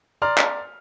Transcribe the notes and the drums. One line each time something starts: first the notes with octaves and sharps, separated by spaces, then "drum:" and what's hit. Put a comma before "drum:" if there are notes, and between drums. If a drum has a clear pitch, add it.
D5 A#5 C6 F6
drum: clap